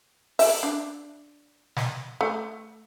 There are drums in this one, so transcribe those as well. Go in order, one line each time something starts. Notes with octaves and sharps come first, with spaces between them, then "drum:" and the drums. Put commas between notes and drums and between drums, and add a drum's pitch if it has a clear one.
E5, drum: open hi-hat
D4
drum: snare
A3